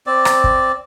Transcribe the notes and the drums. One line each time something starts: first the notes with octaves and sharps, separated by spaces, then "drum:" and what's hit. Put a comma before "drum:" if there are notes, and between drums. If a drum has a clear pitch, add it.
C4 D5
drum: rim click
drum: kick